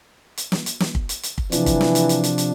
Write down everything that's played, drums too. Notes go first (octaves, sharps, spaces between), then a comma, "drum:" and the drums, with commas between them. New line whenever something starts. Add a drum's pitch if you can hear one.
drum: hi-hat
drum: snare
drum: hi-hat
drum: snare
drum: kick
drum: hi-hat
drum: hi-hat
drum: kick
C3 E3 F3 D4, drum: hi-hat
drum: kick, hi-hat
drum: snare
drum: hi-hat
drum: hi-hat
drum: hi-hat
drum: hi-hat